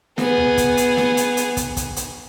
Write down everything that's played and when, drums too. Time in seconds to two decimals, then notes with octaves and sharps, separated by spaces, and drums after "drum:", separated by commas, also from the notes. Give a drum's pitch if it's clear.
0.18 B3 G#4, drum: snare
0.38 drum: tom C#2
0.57 drum: kick, hi-hat
0.77 drum: hi-hat
0.97 drum: snare
1.17 drum: hi-hat
1.37 drum: hi-hat
1.57 drum: kick, hi-hat
1.77 drum: kick, hi-hat
1.96 drum: hi-hat